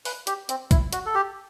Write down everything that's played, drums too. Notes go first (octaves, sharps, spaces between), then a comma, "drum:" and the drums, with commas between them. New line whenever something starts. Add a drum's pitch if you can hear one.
B4, drum: open hi-hat
G4, drum: hi-hat
C4, drum: hi-hat
E4, drum: kick, hi-hat
F#4, drum: hi-hat
A4
G4